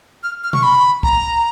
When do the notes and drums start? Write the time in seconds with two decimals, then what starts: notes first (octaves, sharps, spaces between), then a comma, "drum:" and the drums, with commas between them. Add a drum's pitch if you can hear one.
0.23 F6
0.44 F6
0.53 C#6, drum: tom B2
0.63 B5
1.03 A#5, drum: kick